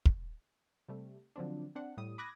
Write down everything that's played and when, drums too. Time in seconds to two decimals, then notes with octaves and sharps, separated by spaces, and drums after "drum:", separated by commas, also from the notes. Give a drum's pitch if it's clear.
0.06 drum: kick
0.88 C3 G3 A3
1.36 D3 F3 F#3 C4 D4
1.75 C4 D4 F#5
1.97 A2 G3 D#6
2.18 B5 D6 D#6 F#6 G#6 A#6